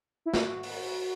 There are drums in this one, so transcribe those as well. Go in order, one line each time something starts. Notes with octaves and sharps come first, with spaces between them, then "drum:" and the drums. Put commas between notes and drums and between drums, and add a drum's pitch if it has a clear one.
E4
F#4, drum: snare
drum: open hi-hat